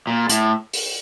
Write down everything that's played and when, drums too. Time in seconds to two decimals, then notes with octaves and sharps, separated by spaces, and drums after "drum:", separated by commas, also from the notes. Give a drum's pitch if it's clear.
0.07 A#2
0.29 A2, drum: hi-hat
0.73 drum: open hi-hat